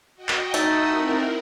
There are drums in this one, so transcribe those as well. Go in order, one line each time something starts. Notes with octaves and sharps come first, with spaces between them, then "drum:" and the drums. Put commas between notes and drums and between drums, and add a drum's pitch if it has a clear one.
F#4 D#5 G5
drum: clap
A3 D#4 F#5 D#6 E6, drum: hi-hat
C4 E4 A#4